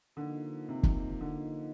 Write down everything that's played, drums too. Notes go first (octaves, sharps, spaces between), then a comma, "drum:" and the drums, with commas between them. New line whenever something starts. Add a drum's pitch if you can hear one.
D3 F3 A#3 D#4
C3
drum: kick
D3